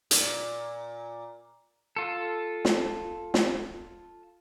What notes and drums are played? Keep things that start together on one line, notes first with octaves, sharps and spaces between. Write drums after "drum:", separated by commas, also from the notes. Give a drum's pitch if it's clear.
A#2, drum: hi-hat
F4 A4
drum: snare
drum: snare